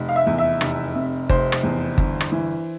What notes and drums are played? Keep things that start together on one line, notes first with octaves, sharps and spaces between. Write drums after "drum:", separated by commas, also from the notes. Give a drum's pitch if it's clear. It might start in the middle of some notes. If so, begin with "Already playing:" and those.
Already playing: F1
F5
E5
E2
E5
F1, drum: rim click
C3
F1 C5, drum: kick G1
drum: rim click
E2
G1, drum: kick G1
drum: rim click
E3